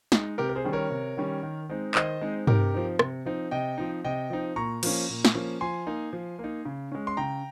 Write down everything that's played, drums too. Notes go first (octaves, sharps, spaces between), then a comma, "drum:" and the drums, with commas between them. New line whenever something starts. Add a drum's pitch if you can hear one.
G#3 D#4, drum: snare
C3 G4 A#4
A#4
G#4 C5
D#3 G3 C#4
A#4 C#5
C3
D#3 G3 C#4
D#3
G#3 C4 D#4
D#3 C5 D#5, drum: clap
G#3 C4 D#4
C3 G4 A#4, drum: tom
F3 C4 D#4
C3, drum: rim click
F3 C4 D#4
C3 D#5 G5
F3 C4 D#4
C3 D#5 G5
F3 C4 D#4
A#2 A#5 C#6
F3 A#3 C#4, drum: cymbal
A#2
drum: snare
F3 A#3 C#4
F3 G#5 C6
A#3 D#4
F3
A#3
D#4
C#3
G#3 C#4
C6
C#3 G5 A#5